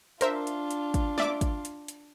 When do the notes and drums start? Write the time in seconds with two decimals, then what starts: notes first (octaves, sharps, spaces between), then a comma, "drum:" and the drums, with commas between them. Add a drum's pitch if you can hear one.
0.21 D4 F4 A#4 C5 E5, drum: hi-hat
0.47 drum: hi-hat
0.71 drum: hi-hat
0.94 drum: kick, hi-hat
1.18 D5 E5 D6, drum: snare
1.41 drum: kick, hi-hat
1.65 drum: hi-hat
1.88 drum: hi-hat